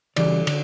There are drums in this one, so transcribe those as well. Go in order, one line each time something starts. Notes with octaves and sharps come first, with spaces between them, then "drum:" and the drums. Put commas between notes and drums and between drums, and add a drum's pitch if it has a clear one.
C#3 E3 G3 D5, drum: cymbal
D3, drum: cymbal